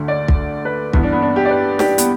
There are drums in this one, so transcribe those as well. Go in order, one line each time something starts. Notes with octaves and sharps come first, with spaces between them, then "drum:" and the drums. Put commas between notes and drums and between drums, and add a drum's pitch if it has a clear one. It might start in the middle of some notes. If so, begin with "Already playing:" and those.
Already playing: D2 D3
D5
drum: kick
B4
G2 E3 B3, drum: kick
D4
B3
D4
G4
D5
B4
G4, drum: snare
B3, drum: hi-hat